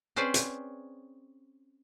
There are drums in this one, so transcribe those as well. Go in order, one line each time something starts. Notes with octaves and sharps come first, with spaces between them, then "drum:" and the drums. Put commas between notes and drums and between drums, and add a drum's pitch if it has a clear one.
C4 C#4 G#4 B4 C5 D5
drum: hi-hat